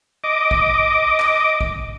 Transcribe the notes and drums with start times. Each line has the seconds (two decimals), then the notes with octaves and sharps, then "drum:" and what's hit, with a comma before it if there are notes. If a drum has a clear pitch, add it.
0.24 D#5 D6
0.51 drum: kick A#1
1.19 drum: clap
1.61 drum: kick A#1